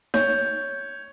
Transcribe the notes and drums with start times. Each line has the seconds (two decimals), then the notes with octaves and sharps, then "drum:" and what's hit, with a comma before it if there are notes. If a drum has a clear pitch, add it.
0.14 C#5 G6, drum: snare D#4